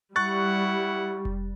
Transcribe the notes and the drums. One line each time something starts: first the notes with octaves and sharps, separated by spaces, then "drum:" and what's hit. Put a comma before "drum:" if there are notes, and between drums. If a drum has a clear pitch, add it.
G3 E4 F#5 C#6 F#6 A6
drum: kick F1